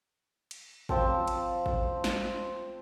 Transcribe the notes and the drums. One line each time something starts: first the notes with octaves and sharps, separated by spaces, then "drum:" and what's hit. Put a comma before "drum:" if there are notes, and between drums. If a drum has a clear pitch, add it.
drum: cymbal
F3 C4 A5, drum: kick
drum: cymbal
drum: kick
drum: snare